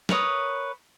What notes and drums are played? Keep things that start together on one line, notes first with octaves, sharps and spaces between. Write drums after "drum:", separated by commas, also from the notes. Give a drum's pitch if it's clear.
A#4 B4 C#5 D#6, drum: snare